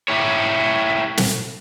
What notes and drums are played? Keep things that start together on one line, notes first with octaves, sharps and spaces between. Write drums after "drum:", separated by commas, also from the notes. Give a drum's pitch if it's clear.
E4 G4 C#5
drum: snare